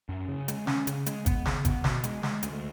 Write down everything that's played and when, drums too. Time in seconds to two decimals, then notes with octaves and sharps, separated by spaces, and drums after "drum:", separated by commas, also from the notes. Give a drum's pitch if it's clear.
0.09 F#2
0.28 C#3
0.48 G#3, drum: hi-hat
0.67 C#4, drum: snare
0.87 C#3, drum: hi-hat
1.06 G#3, drum: hi-hat
1.26 B3, drum: kick, hi-hat
1.45 C#3, drum: snare
1.65 B3, drum: kick, hi-hat
1.84 B2, drum: snare
2.04 G#3, drum: hi-hat
2.23 G#3, drum: snare
2.43 D2, drum: hi-hat